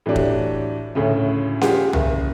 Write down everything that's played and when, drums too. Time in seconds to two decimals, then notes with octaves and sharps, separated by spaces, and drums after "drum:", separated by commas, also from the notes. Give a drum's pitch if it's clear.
0.06 A2 E3 F#3 D4 G4
0.16 drum: kick
0.95 D2 A2 C#3
1.61 F4 G4 G#4 F#5, drum: snare C#4
1.93 F#1, drum: tom C2